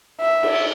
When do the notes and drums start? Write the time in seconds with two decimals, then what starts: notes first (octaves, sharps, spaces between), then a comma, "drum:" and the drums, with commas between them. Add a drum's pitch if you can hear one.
0.21 E5
0.43 drum: cymbal